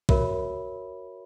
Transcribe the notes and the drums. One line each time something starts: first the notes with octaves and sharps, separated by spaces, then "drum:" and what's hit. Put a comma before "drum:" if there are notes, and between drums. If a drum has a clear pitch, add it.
F#4 A#4 C#5 E5 B5, drum: kick